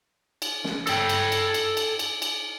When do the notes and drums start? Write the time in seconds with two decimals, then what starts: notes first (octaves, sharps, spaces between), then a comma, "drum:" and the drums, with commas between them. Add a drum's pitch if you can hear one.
0.42 drum: cymbal
0.64 drum: snare
0.87 A4 G5, drum: cymbal
1.09 drum: cymbal
1.32 drum: cymbal
1.54 drum: cymbal
1.77 drum: cymbal
1.99 drum: cymbal
2.22 drum: cymbal